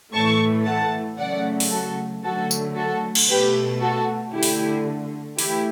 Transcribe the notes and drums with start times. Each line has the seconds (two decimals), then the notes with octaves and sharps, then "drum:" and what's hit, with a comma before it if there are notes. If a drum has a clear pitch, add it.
0.13 A2 E3 A3 A5 C#6
0.66 F#5 A5
1.18 C#3 F#3 A3 D5 F#5
1.60 drum: open hi-hat
1.71 F#4 A4
2.23 D3 F#3 A3 F#4 A4
2.51 drum: tambourine
2.76 F#4 A4
3.15 drum: cymbal
3.28 B2 A3 G4 B4
3.81 F#4 A4
4.33 D3 A3 E4 G4
4.43 drum: open hi-hat
5.39 E3 A3 E4 G4, drum: open hi-hat